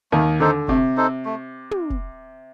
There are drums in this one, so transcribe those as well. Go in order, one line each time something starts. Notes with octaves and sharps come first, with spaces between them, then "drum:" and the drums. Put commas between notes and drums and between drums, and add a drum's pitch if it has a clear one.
D#2 D#3 A3
D3 D#4 A4 C5
C3 A3, drum: kick F1
D#4 A4 C5
A3
drum: tom
drum: kick F1